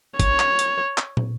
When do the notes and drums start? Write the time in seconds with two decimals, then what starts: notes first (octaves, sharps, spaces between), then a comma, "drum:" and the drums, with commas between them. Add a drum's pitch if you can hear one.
0.20 C#5, drum: kick, hi-hat
0.39 drum: clap
0.59 drum: hi-hat
0.98 drum: clap
1.17 drum: tom